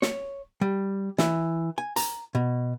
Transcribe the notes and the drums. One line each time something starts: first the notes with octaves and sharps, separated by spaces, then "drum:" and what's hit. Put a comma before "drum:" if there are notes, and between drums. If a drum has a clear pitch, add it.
C#5, drum: snare
G3
E3, drum: snare
G#5
A#5, drum: hi-hat
B2